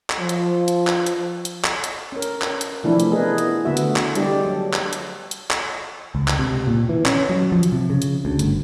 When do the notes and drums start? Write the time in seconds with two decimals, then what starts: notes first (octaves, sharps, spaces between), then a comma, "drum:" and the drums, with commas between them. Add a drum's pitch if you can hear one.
0.10 drum: clap
0.19 F3
0.29 drum: hi-hat
0.68 drum: hi-hat
0.87 drum: clap
1.06 drum: hi-hat
1.45 drum: hi-hat
1.64 drum: clap
1.84 drum: hi-hat
2.12 C#4 A#4
2.22 drum: hi-hat
2.42 drum: clap
2.61 drum: hi-hat
2.84 C3 E3 F3 A3 D4 E4
3.00 drum: hi-hat
3.11 B3 G#4 A#4 B4 D#5
3.38 drum: hi-hat
3.65 D3 A3 B3 F#4 E5
3.77 drum: hi-hat
3.96 drum: clap
4.15 G3 G#3 D4 G4 D5, drum: hi-hat
4.46 F#3
4.73 drum: clap
4.93 drum: hi-hat
5.31 drum: hi-hat
5.51 drum: clap
6.15 C#2
6.28 drum: clap
6.39 C3
6.67 A#2
6.89 E3
7.06 C#4, drum: clap
7.29 F#3
7.52 F3
7.63 drum: hi-hat
7.72 C3
7.90 C#3
8.02 drum: hi-hat
8.25 D2
8.39 G1, drum: hi-hat